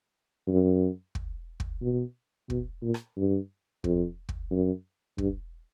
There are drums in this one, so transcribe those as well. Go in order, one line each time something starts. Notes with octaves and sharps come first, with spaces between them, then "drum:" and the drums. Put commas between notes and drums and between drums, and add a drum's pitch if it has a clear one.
F#2
drum: kick
drum: kick
B2
B2, drum: kick
A#2
drum: rim click
G2
F2, drum: kick
drum: kick
F#2
G2, drum: kick